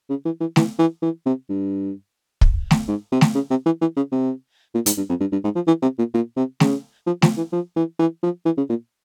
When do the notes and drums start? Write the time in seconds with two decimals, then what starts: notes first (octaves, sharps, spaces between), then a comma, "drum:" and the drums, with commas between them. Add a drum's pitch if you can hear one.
0.09 C#3
0.25 E3
0.40 E3
0.56 E3, drum: snare
0.79 E3
1.02 E3
1.26 C3
1.49 G2
2.41 drum: kick
2.71 drum: snare
2.88 G#2
3.12 C3
3.21 drum: snare
3.35 C#3
3.50 C3
3.66 E3
3.81 E3
3.96 C#3
4.12 C3
4.74 A#2
4.86 G#2, drum: hi-hat
4.97 G2
5.09 F2
5.20 G2
5.32 G2
5.44 G#2
5.55 F3
5.67 E3
5.82 C3
5.98 A#2
6.14 A#2
6.36 C3
6.60 C#3, drum: snare
7.06 F3
7.22 F3, drum: snare
7.37 E3
7.53 F3
7.76 E3
7.99 E3
8.23 F3
8.45 E3
8.57 C#3
8.69 A#2